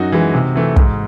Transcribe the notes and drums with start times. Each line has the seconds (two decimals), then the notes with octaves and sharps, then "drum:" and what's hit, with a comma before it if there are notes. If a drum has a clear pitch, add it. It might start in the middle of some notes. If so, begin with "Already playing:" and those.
Already playing: F#2 D#4 F#4
0.12 E3 G#3
0.34 C3
0.56 E3 A3
0.76 G#2, drum: kick